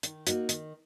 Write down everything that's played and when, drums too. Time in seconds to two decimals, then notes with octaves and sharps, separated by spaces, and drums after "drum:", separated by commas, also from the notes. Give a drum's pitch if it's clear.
0.03 D#3, drum: hi-hat
0.27 A#3 D#4 F#4, drum: hi-hat
0.49 D#3, drum: hi-hat